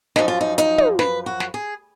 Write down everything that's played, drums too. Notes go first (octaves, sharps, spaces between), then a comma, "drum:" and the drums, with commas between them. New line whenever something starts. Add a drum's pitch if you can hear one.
F#2 F3 D#4, drum: snare
F4
D#4
D#4, drum: hi-hat
drum: tom
B4, drum: snare
F#4
drum: snare
G#4